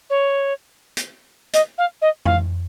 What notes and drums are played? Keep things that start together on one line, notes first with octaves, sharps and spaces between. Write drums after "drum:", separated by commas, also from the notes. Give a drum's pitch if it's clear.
C#5
drum: hi-hat
D#5, drum: hi-hat
F5
D#5
F5, drum: tom F2